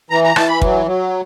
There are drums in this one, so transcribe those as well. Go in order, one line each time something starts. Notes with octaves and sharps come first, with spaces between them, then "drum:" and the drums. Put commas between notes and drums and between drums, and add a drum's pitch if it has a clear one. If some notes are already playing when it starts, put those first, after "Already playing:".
E3 A#5
A#5
E3 A5, drum: rim click
B5
F#3, drum: kick
F#3